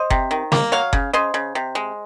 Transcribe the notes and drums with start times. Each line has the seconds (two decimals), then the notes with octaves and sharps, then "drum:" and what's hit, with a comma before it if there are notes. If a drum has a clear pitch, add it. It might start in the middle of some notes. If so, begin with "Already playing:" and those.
Already playing: C5 D#5
0.10 C3, drum: kick F#1
0.31 D#3
0.52 A#3, drum: snare
0.72 F#3 C#5 F5
0.93 C#3, drum: kick F#1
1.13 C#3 C5 D#5
1.34 C#3
1.55 C3
1.75 G#3